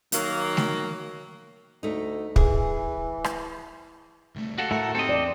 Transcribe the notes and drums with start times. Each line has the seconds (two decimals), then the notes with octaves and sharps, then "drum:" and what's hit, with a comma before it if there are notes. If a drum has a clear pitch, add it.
0.12 D#3 F#3 A#3, drum: hi-hat
0.57 drum: snare A3
1.83 D2 A3 D#4
2.36 E3 G#4, drum: kick
3.24 drum: rim click
4.36 C2 A3
4.58 F#4 G4 A4 F5
4.71 A2 A3 A#4
4.95 C4 D#4 G4 A4 D#5
5.09 E2 D5